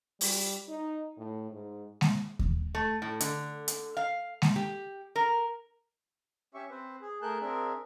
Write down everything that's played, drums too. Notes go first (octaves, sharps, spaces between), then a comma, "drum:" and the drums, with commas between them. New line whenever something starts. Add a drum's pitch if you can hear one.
G3, drum: open hi-hat
D#4
A2
G#2
drum: snare G#3
drum: kick D#2
A3
A2
D3, drum: hi-hat
drum: hi-hat
F5
drum: snare G#3
G4
A#4
C#4 G4 E5 C#6
C4 B4 C5
G#4
A3 G#4 A#4 A5 F#6 G6
C4 D4 G#4 A#4 E5